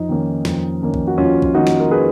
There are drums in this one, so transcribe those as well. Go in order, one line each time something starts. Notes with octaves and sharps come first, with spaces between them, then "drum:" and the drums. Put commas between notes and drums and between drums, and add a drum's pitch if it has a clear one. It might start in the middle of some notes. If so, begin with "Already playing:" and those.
Already playing: F2 D#4
D#3 A#3 C#4
F2, drum: snare
D#3 A#3 C#4
drum: kick
F#4
F2 C#4 F4
drum: kick
D#3 A#3 C#4 D#4 F#4
drum: snare
A#4
G#4 B4